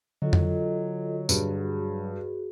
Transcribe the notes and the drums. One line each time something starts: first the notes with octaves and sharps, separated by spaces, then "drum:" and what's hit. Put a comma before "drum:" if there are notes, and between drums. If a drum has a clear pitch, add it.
D3 F#3 F4 A4 D#5
drum: tom F2
G2 F#4 G#4, drum: tambourine